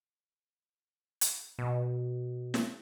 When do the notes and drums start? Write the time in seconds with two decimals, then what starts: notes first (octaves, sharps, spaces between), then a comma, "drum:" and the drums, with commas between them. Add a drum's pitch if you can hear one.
1.21 drum: hi-hat
1.59 B2
2.54 drum: snare